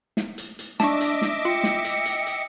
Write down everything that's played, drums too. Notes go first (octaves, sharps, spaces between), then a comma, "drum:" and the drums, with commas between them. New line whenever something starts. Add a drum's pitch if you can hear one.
drum: snare
drum: hi-hat
drum: hi-hat
D4 D#5 E5 A5 C#6 D6, drum: snare
drum: hi-hat
drum: snare
F4 G5 C#7
drum: snare
drum: hi-hat
drum: hi-hat
drum: hi-hat